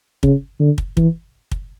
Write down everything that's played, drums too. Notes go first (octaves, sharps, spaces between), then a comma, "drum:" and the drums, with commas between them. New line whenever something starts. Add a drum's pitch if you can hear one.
C#3, drum: kick
D3
drum: kick
E3, drum: kick
drum: kick